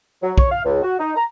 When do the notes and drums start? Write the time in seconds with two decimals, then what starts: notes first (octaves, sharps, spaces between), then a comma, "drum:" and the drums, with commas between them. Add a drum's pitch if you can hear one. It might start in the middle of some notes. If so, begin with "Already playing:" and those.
0.22 F#3
0.38 C#5, drum: kick
0.50 F5
0.64 C#2
0.83 F#4
0.99 D#4
1.16 A#5